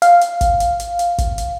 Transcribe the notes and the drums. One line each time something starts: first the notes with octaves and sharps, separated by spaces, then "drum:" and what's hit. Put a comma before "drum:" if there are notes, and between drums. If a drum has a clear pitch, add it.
F5, drum: hi-hat
drum: hi-hat
drum: kick, hi-hat
drum: hi-hat
drum: hi-hat
drum: hi-hat
drum: kick, hi-hat
drum: hi-hat